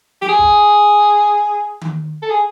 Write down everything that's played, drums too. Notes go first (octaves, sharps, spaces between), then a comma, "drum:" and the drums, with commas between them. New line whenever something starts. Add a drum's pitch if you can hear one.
G4, drum: snare
G#4
drum: kick
drum: tom D#3
A4
G#4